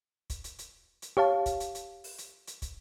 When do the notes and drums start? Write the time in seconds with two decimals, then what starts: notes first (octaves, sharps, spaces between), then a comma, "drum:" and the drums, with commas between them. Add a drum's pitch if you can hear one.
0.30 drum: kick, hi-hat
0.44 drum: hi-hat
0.59 drum: hi-hat
1.02 drum: hi-hat
1.17 G4 C#5 F5 A5
1.46 drum: kick, hi-hat
1.60 drum: hi-hat
1.75 drum: hi-hat
2.04 drum: open hi-hat
2.18 drum: hi-hat
2.47 drum: hi-hat
2.62 drum: kick, hi-hat